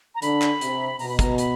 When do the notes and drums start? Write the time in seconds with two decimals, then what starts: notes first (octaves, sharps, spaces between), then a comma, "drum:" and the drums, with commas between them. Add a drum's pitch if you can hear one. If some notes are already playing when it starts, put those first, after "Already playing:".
0.15 A#5
0.22 D3 B5, drum: hi-hat
0.42 drum: clap
0.61 C3, drum: hi-hat
0.99 B2 A#5, drum: open hi-hat
1.09 B5
1.19 A#5, drum: kick, hi-hat
1.38 B5, drum: hi-hat